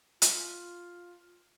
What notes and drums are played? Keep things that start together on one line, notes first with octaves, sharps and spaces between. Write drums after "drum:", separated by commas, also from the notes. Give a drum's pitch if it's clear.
F4, drum: hi-hat